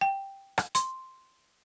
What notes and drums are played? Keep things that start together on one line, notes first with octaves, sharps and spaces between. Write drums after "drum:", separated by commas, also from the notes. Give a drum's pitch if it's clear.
G5
drum: rim click
C6, drum: hi-hat